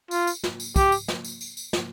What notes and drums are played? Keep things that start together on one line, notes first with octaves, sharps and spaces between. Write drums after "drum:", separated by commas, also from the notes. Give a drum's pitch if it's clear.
F4, drum: tambourine
drum: tambourine
drum: snare
drum: tambourine
G4, drum: kick, tambourine
drum: tambourine
drum: snare
drum: tambourine
drum: tambourine
drum: tambourine
drum: snare